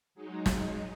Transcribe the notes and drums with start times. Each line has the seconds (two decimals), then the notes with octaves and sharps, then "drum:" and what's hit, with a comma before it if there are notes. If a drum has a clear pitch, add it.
0.15 F#3 G#3 D#4
0.46 drum: snare